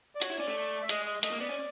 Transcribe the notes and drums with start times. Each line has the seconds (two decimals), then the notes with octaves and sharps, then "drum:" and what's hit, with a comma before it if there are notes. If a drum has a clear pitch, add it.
0.15 D5
0.22 F#4 C#5, drum: hi-hat
0.30 E4
0.38 C#4 D5
0.48 A3
0.82 E5
0.89 G#3 D#5, drum: hi-hat
1.06 D#5
1.23 A3 D#5, drum: hi-hat
1.31 A#3
1.40 B3 D5
1.49 C#4